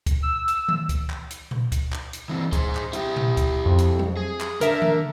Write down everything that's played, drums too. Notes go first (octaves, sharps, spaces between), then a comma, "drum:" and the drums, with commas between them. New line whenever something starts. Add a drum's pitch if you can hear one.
drum: kick D2, hi-hat
E6
drum: hi-hat
drum: tom D#3
drum: kick D2, hi-hat
drum: clap
drum: hi-hat
drum: tom A#2
drum: kick D2, hi-hat
drum: clap
drum: hi-hat
E3 C4
G#4 C5, drum: kick D2, hi-hat
drum: clap
E4 G4, drum: hi-hat
drum: tom A#2
drum: kick D2, hi-hat
F2
drum: hi-hat
drum: tom F#3
G#4
drum: clap
D3 A#4 E5, drum: hi-hat
drum: tom D#3